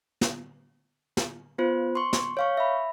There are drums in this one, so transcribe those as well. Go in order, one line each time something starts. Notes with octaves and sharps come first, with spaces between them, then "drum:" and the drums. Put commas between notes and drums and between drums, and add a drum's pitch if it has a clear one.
drum: snare
drum: snare
B3 F4 C5
C6 C#6
drum: snare
C#5 F5 C#6
E5 B5